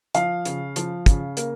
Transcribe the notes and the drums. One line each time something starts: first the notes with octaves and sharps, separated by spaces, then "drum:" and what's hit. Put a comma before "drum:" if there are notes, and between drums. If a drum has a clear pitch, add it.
F3 F5, drum: hi-hat
C#3, drum: hi-hat
F3, drum: hi-hat
C#3, drum: kick, hi-hat
A#3, drum: hi-hat